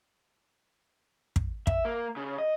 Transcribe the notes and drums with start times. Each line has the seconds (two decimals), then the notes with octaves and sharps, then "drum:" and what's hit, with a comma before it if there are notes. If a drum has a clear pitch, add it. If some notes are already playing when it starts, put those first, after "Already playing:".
1.36 drum: kick
1.67 E5, drum: kick
1.85 A#3
2.17 C#3
2.38 D#5